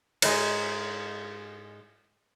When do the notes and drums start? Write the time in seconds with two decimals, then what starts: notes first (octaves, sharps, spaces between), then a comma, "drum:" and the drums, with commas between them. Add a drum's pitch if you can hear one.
0.22 G#2 G#3, drum: cymbal